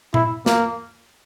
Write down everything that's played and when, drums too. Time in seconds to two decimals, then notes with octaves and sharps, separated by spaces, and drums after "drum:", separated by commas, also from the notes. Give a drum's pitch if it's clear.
0.14 E4, drum: tom A#2
0.46 A#3, drum: snare